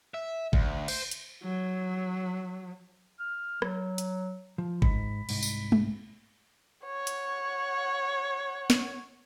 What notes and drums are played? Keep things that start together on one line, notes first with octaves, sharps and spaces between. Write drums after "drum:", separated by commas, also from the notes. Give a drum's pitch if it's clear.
E5
D2, drum: kick G#1
C5, drum: cymbal
drum: hi-hat
F#3
F6
F#3, drum: rim click
drum: hi-hat
F3
G#2 B5, drum: kick G#1
C2 G#2, drum: cymbal
drum: tambourine
drum: tom
C#5 F#5
drum: hi-hat
drum: snare